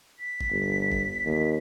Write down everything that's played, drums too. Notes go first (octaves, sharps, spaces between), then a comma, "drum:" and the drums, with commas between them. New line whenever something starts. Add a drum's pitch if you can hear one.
B6
drum: kick G1
G1
drum: kick G1
D#2